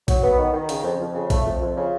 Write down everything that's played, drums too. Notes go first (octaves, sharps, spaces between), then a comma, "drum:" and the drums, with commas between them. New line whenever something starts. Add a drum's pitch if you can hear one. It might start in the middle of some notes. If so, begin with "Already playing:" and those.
F#3, drum: kick A#1, hi-hat
B3
D#3
D#3
C#3, drum: hi-hat
F2
F2
C#3
A3, drum: kick A#1, hi-hat
F2
F2
C#3